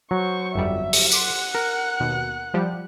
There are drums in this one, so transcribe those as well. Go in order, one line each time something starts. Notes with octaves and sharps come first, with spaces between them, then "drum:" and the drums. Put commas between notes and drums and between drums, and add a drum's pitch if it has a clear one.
F#3 C5 C#6
G1 F2 G3 E5
drum: open hi-hat
F#5 C6 D6 F#6 B6, drum: tambourine
A#4
D#2 B2
F3 G3 G4